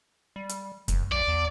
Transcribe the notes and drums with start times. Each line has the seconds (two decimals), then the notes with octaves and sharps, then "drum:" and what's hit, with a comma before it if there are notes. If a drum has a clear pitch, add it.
0.36 G3
0.49 drum: hi-hat
0.88 F1, drum: kick F#2, hi-hat
1.12 B1 D5
1.28 E2